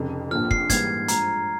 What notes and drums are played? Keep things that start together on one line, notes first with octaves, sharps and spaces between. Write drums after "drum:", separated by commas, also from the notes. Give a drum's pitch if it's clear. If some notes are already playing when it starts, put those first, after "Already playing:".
Already playing: F1 F2 C#3
A#1 A#2 F3 F6
C7, drum: kick
G#2 E3 G3 A#3 G#6, drum: kick, hi-hat
G2 F3 G#3 A#5, drum: hi-hat